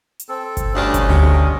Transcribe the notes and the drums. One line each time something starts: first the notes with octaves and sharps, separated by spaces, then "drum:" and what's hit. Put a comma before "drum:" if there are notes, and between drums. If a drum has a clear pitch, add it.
drum: hi-hat
C4 A4
drum: kick G1, hi-hat
D2 G3 C#4 D4 D#5
drum: kick G1, hi-hat
D2 C3 G3